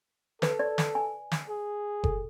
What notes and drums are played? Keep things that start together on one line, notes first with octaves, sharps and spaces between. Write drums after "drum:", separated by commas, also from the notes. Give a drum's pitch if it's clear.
A4 B4, drum: snare
D5
drum: snare
G#5
drum: snare
G#4
A4, drum: kick F#1